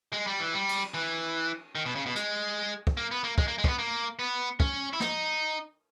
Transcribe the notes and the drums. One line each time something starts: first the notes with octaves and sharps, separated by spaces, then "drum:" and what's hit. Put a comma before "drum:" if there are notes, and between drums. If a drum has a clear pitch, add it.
G#3
G3
E3
G3
drum: cymbal
E3
D#3
B2
C#3
B2
G#3, drum: hi-hat
drum: kick
A#3
B3
A#3
G#3, drum: kick
A#3
G#3
C#4, drum: kick
B3
A#3
B3
C#4, drum: kick
E4
D#4, drum: snare